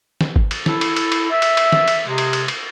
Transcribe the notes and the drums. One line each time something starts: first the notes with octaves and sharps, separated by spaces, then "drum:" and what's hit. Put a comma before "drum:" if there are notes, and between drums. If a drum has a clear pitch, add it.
drum: snare
drum: kick G#1
drum: cymbal
E4 A4, drum: snare
drum: cymbal
drum: cymbal
drum: cymbal
E5
drum: cymbal
drum: cymbal
drum: snare
drum: cymbal
C3 G#3
drum: cymbal
drum: cymbal
drum: cymbal